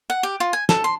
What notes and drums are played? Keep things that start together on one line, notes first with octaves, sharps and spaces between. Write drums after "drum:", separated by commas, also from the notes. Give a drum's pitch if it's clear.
F#5
G4
F4
G#5
A4, drum: snare
C6